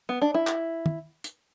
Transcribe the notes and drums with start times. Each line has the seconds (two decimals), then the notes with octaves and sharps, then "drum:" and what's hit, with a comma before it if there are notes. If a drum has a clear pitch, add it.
0.09 B3
0.22 D4
0.34 E4
0.47 drum: clap
0.86 drum: tom
1.24 drum: hi-hat